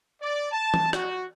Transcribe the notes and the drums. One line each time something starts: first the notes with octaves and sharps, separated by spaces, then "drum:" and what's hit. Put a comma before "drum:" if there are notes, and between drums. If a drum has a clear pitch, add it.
D5
A5
drum: tom E3
F#4, drum: rim click